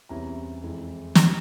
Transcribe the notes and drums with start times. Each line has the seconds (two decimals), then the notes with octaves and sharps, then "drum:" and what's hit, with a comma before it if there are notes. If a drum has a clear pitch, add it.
0.09 E2 C3 G3 C#4 E4 A#5
0.62 F2 E3 G#3 E4
1.15 G3 C#4 E4 C6, drum: snare